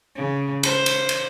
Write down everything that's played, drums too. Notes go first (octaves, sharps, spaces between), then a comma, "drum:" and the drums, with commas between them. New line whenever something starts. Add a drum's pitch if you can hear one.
C#3
C5, drum: cymbal
drum: cymbal
drum: cymbal